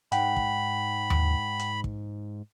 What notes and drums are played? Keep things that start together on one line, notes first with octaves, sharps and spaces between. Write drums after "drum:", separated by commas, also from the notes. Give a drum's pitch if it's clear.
G#2 F#5 G5 B5, drum: hi-hat
drum: kick
drum: tom D#2
drum: hi-hat
drum: kick